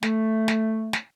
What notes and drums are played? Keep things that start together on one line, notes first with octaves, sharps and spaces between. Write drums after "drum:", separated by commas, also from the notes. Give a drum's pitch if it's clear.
A3, drum: snare
drum: snare
drum: snare